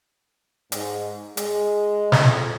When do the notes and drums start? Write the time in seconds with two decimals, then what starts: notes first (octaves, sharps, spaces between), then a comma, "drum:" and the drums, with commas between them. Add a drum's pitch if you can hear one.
0.72 G#2, drum: hi-hat
1.37 G#3, drum: hi-hat
2.12 F2, drum: snare